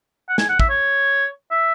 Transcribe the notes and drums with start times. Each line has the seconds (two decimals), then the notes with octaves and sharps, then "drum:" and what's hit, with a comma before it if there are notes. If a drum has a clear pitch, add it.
0.29 F#5
0.38 G#5, drum: snare
0.49 F#5
0.59 E5, drum: kick
0.69 C#5
1.51 E5